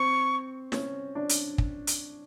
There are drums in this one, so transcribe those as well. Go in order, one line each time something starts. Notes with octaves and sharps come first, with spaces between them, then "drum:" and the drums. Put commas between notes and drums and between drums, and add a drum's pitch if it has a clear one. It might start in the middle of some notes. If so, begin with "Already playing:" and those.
Already playing: C4 C#6
C#4, drum: snare
D4
drum: hi-hat
drum: kick
drum: hi-hat